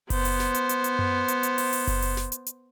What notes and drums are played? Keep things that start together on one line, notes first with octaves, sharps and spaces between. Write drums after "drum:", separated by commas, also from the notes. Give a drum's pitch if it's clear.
B3 C5, drum: kick F#1, open hi-hat
drum: open hi-hat
drum: snare
drum: hi-hat
drum: hi-hat
drum: hi-hat
drum: tom F#2
drum: hi-hat
drum: hi-hat
drum: open hi-hat
drum: open hi-hat
drum: kick F#1, open hi-hat
drum: open hi-hat
drum: snare
drum: hi-hat
drum: hi-hat